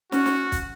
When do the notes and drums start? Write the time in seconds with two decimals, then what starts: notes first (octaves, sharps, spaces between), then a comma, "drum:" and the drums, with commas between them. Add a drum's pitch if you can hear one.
0.12 C#4 F#4, drum: snare
0.26 drum: snare
0.52 drum: kick, hi-hat